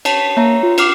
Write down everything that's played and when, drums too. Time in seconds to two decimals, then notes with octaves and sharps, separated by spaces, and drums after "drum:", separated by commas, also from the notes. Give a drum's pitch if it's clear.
0.05 C#5 A5 B6, drum: cymbal
0.37 A#3 C#5 E5 A#5
0.63 F4
0.78 D6 F6 C7, drum: cymbal